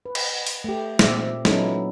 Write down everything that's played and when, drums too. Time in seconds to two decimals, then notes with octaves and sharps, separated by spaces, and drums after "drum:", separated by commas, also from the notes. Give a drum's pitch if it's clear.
0.06 B4
0.15 drum: cymbal
0.47 drum: open hi-hat
0.64 A3 G4
0.99 A#2 C4 D5 E5, drum: snare
1.45 F#3 B3 C#4 D#4 E4 A4, drum: snare